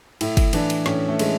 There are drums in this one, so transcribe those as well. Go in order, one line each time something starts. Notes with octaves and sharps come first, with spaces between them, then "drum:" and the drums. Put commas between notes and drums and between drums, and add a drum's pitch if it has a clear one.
A2 E4, drum: cymbal
drum: kick, cymbal
E3 D4, drum: cymbal
drum: cymbal
A2 C#4, drum: snare
A3
E3 G#3, drum: cymbal